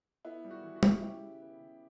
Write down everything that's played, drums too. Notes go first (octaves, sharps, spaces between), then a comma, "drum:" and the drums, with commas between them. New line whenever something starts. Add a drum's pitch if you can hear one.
B3 E4
G3
F#4
E3
F#4
E3, drum: tom
C#3 E4 G4
C#3
B3
C#3